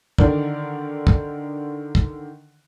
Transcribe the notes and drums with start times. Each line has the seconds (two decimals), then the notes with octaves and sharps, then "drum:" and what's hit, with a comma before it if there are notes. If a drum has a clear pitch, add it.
0.18 D3 D#3 A#4 D5, drum: kick
1.07 drum: kick
1.95 drum: kick